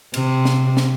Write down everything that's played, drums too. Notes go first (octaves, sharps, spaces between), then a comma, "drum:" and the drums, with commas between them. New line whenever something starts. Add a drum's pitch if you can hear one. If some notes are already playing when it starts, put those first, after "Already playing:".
C3, drum: cymbal
drum: snare
drum: snare